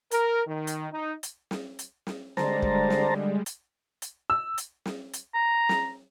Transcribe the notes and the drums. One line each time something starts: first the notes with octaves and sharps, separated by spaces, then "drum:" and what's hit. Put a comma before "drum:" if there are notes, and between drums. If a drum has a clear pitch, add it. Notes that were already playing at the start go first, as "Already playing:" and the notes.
A#4, drum: hi-hat
D#3
drum: hi-hat
D#4
drum: hi-hat
drum: snare
drum: hi-hat
drum: snare
D3 G3 G#3 C5 A5 A#5, drum: snare
drum: kick
drum: snare
drum: hi-hat
drum: hi-hat
E6
drum: hi-hat
drum: snare
drum: hi-hat
A#5
drum: snare